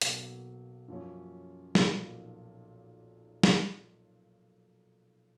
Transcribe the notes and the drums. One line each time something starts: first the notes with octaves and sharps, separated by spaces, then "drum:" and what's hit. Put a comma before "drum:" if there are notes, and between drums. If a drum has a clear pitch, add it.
B1 B2 F#3 A#3, drum: hi-hat
F#2 F3 A#3 C#4
B1 A#2 F3 A#3 D#4, drum: snare
drum: snare